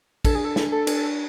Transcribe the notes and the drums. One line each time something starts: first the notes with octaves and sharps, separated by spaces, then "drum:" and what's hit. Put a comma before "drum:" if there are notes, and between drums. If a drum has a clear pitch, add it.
D4 A4, drum: kick, cymbal
G#4
A4
D4, drum: snare
A4
D4, drum: cymbal